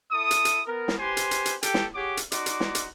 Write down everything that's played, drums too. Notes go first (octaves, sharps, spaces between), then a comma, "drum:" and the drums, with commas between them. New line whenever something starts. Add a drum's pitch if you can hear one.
E4 A4 D#6
drum: hi-hat
drum: hi-hat
B3 A#4
drum: snare
G4 B4 C5 G#5 C6
drum: hi-hat
drum: hi-hat
drum: hi-hat
G4 A4 G5, drum: hi-hat
drum: snare
G4 G#4 C#5 F#5 D6
drum: hi-hat
D#4 F#4 D5 C6 D6, drum: hi-hat
drum: hi-hat
drum: snare
drum: hi-hat